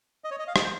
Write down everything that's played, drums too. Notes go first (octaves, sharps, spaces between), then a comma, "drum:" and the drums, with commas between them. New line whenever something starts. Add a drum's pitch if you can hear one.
D#5
C#5
D#5
F5
D#5, drum: rim click
C5